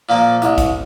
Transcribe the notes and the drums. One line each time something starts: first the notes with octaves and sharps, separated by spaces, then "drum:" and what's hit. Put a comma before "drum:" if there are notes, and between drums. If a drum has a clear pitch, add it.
A#2 F3 A#3
C2, drum: hi-hat
drum: kick, hi-hat